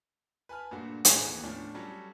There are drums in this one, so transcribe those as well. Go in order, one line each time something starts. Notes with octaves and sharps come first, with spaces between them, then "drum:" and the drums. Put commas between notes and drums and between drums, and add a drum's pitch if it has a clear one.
B4 G#5 A5 B5 F6
G2 A#2 A3 F#4
A1 A3 G#4 G#5 C#6 C7, drum: hi-hat
D#2 E3 B3
A2 F3 A3 C#4 D4
F#3 G3 C#4 A4